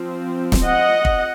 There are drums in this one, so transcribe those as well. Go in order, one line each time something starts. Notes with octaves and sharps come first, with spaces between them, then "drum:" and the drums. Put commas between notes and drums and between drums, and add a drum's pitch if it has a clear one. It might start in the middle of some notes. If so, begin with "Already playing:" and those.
Already playing: F3 C4
drum: snare
D#5 F#5
drum: kick